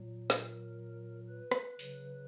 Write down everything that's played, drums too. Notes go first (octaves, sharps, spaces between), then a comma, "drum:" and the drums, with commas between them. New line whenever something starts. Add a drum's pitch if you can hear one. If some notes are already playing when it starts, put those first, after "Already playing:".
Already playing: A#2 F#3
A#4, drum: snare
B4
drum: rim click
C#3 F#3, drum: open hi-hat